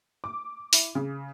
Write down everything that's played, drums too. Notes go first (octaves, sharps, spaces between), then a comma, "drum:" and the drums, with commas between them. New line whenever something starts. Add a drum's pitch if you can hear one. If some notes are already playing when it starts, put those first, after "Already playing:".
D6
E4, drum: open hi-hat
C#3